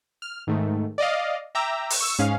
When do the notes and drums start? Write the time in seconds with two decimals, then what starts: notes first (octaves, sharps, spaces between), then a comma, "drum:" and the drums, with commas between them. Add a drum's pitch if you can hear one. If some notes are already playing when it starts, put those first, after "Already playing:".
0.22 F6
0.47 G#2 D#3 A3
0.98 D5 D#5 F5
1.55 E5 G5 A#5 D6 E6
1.90 drum: open hi-hat
2.00 C#6 E6
2.19 G#2 C#4 G#4 F5